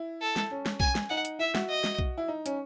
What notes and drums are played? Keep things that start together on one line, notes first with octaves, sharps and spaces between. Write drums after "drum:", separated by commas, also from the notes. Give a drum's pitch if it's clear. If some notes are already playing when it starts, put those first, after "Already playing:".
Already playing: E4
A4
drum: snare
C#4
drum: snare
G#5, drum: kick B1
drum: snare
D#4 F#5
drum: hi-hat
E4 E5
F#4, drum: snare
D#5
drum: snare
drum: kick B1
E4
D#4
C#4, drum: hi-hat